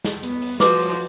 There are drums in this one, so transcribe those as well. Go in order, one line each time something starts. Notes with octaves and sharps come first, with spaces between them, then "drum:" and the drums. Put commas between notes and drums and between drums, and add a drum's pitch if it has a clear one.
drum: snare
B3, drum: hi-hat
drum: open hi-hat
F3 F#4 B4 D6, drum: snare
drum: open hi-hat